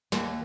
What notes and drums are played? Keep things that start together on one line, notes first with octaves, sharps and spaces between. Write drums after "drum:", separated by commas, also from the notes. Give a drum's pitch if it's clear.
D#2, drum: snare